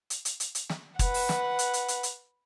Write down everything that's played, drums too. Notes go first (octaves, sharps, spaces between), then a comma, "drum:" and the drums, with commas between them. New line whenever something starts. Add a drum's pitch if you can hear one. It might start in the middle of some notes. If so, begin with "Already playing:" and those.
drum: hi-hat
drum: hi-hat
drum: hi-hat
drum: hi-hat
drum: snare
B4 F#5, drum: kick, hi-hat
drum: open hi-hat
drum: snare
drum: hi-hat
drum: hi-hat
drum: hi-hat
drum: hi-hat